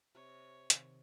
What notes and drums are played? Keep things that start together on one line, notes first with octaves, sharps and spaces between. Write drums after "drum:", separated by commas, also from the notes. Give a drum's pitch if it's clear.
C3 C#5
C3 D#3, drum: hi-hat